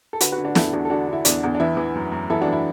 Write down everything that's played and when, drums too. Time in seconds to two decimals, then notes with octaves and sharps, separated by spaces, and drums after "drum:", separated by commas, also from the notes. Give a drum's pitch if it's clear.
0.13 A4
0.20 D3 F#4 B4, drum: hi-hat
0.32 F#4 B4
0.38 D3
0.44 D4 F#4
0.55 E2 E4 A4, drum: snare
0.73 E2 D4 F#4
0.85 A4
0.90 D3 D4 F#4
1.08 D3 E4
1.25 E2 D4, drum: hi-hat
1.43 E2
1.55 D4
1.60 E3 E4
1.77 E3
1.95 F#2
2.12 F#2
2.30 E3 E4 A4
2.41 D4 F#4
2.47 E3
2.53 E4